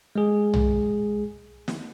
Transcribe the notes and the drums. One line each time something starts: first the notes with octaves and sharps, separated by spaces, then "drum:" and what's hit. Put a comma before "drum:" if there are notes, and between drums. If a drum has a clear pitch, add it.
G#3 G#4
drum: tom
drum: snare